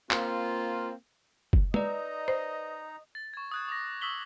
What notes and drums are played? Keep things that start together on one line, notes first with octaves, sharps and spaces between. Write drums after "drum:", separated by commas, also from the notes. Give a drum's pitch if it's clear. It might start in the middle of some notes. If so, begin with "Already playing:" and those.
A#3 C4 F4, drum: clap
drum: kick F#1
D#4 B4 D5 D#5 A#5, drum: tom
C5
A6
C#6 G#6
D#6 F#6 G#6
D6 D#6 A#6
C#6 D#6 E6 B6 F#7 G7